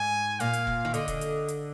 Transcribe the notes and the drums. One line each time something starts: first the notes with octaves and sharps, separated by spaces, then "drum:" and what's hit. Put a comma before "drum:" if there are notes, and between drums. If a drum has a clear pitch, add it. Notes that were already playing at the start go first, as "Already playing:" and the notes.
Already playing: G#2 G#5
A#2 F5, drum: hi-hat
drum: hi-hat
drum: kick E1
D#3
D3 D#5, drum: hi-hat
drum: kick E1, hi-hat
drum: hi-hat
drum: hi-hat